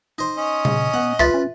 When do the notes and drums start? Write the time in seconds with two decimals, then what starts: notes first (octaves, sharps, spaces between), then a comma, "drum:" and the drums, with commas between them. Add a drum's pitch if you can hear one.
0.18 D#4 C5
0.37 C#4 D#5
0.65 C#3, drum: tom A#2
0.94 B3 F#5
1.19 C#2 F4 B4 E5 A6
1.34 C#4